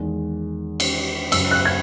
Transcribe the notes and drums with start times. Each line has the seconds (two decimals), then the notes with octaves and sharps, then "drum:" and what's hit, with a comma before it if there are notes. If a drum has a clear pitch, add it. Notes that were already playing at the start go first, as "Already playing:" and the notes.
Already playing: E2 D#3 G#3
0.80 drum: cymbal
1.32 F#1 F#2 C#3 E6, drum: cymbal
1.51 F#6
1.65 G#6